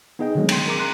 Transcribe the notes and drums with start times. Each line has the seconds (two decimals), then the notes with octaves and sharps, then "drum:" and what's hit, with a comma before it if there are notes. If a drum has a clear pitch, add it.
0.19 B3 D#4 G#4 D#5 G5
0.35 D3 D#3 F#3 G#3 A3 C#4
0.49 B3 G5 C6, drum: cymbal
0.66 G#4 A#4 A#5 D6
0.79 A#5 C6 F#6